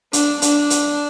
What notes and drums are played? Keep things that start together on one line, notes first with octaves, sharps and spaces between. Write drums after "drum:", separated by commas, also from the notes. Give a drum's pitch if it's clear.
D4, drum: hi-hat
D4, drum: hi-hat
drum: hi-hat